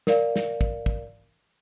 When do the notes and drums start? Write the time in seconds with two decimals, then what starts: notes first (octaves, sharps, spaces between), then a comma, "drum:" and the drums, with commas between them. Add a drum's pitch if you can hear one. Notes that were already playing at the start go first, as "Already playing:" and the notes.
0.07 A#4 D5 F5, drum: snare
0.36 drum: snare
0.61 drum: kick
0.86 drum: kick